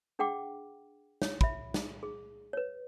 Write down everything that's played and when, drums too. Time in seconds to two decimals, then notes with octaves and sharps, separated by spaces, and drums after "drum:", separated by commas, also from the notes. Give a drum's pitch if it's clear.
0.19 D4 G#4 F#5 G5 D6
1.22 C#5, drum: snare
1.41 E5 B5, drum: kick
1.74 drum: snare
2.03 G#4
2.53 B4 C#5